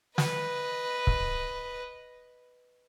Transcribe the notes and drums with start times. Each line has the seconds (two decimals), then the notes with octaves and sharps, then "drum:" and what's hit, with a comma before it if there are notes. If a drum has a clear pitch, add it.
0.18 B4 D#5, drum: snare
1.07 drum: kick C#1